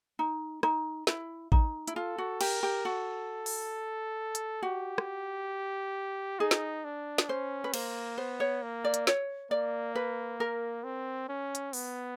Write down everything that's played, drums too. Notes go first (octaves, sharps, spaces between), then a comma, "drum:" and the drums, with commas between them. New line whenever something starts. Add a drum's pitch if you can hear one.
D#4
D#4, drum: rim click
E4, drum: snare
D#4, drum: kick A1
E4, drum: hi-hat
F4 A4
F#4
G4 A#4, drum: cymbal
G4
F#4 A4
drum: open hi-hat
drum: hi-hat
F#4 G4
drum: rim click
D#4 G#4
drum: snare
D4
drum: snare
C#4 C5
B4
A#3 C5, drum: cymbal
B3 C5
C#5
A#3
D5
drum: hi-hat
C#5, drum: snare
A#3 D5
B4
A#4
C4
C#4
drum: hi-hat
B3, drum: open hi-hat